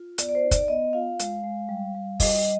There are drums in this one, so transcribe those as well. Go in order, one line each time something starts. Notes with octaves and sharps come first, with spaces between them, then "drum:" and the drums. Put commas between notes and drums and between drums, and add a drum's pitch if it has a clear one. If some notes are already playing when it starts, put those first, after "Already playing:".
Already playing: F4
B3 D5, drum: hi-hat
D5
C5
D#4
D5, drum: kick, hi-hat
B3 D#5
F4 F5
G#3, drum: hi-hat
G#3
G3
G3
G3 D#5, drum: kick, open hi-hat